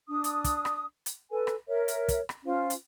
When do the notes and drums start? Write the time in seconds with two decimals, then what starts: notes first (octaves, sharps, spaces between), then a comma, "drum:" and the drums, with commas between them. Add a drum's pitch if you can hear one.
0.09 D4 D#6
0.24 drum: hi-hat
0.44 drum: kick, hi-hat
0.65 drum: rim click
1.06 drum: hi-hat
1.31 A4 B4 G#5
1.47 drum: rim click
1.67 A#4 C#5 E5
1.88 drum: hi-hat
2.08 drum: kick, hi-hat
2.29 drum: rim click
2.46 C#4 F4 C5 F5
2.70 drum: hi-hat